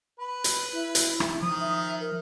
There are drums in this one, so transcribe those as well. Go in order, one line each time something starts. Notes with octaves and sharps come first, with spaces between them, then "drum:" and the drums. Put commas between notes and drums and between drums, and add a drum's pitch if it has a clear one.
B4 B5
drum: hi-hat
E4
drum: hi-hat
drum: rim click
D#3 F3 D#6
E5
A#4